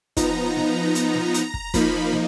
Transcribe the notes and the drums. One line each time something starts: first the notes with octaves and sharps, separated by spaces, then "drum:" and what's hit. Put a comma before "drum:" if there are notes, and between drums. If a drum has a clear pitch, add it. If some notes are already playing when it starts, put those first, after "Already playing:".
F3 B3 D#4 A#5, drum: kick, hi-hat
drum: snare
drum: hi-hat
drum: snare
drum: hi-hat
drum: kick
F3 A#3 D#4 B5, drum: kick, hi-hat
drum: snare